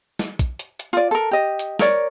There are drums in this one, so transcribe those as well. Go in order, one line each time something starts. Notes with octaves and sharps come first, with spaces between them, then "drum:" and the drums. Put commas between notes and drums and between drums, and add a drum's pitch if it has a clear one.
drum: snare
drum: kick, hi-hat
drum: hi-hat
drum: hi-hat
F4 D5
A4 A#4
G4 D#5
drum: hi-hat
A#4 C#5 D5, drum: snare